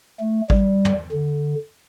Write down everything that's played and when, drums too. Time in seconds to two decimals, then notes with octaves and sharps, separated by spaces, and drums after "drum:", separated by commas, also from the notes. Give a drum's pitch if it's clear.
0.20 A3
0.50 G3, drum: kick G#1
0.85 drum: tom
1.12 D3